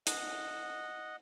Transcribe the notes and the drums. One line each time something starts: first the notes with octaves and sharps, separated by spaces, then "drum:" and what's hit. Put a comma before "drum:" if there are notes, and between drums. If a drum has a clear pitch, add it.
D#5 F#5, drum: hi-hat